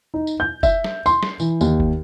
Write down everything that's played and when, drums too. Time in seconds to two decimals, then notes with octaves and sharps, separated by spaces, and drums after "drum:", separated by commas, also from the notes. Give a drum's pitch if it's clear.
0.14 D#4
0.27 drum: tambourine
0.40 G6
0.63 E5, drum: kick F#1, tambourine
0.84 drum: snare
1.06 C6, drum: tambourine
1.23 drum: snare
1.40 E3, drum: tambourine
1.61 D#2, drum: tambourine
1.80 drum: kick F#1